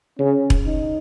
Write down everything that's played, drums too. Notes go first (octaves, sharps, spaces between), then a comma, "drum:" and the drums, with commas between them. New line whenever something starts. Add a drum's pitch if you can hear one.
C#3 C#4
drum: kick E1
D#4